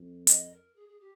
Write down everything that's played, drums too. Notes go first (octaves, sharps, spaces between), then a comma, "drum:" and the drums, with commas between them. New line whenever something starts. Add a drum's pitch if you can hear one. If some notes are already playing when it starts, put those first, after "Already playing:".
Already playing: F2
D#5, drum: hi-hat
A#4
G#4
G#4
G4